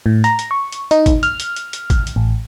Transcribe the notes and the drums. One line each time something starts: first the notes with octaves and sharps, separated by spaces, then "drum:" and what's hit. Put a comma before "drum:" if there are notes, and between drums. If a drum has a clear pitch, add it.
A2
A#5, drum: hi-hat
drum: hi-hat
C#6
drum: hi-hat
D#4, drum: hi-hat
drum: kick, hi-hat
F6, drum: hi-hat
drum: hi-hat
drum: hi-hat
drum: hi-hat
drum: kick, hi-hat
drum: hi-hat
A1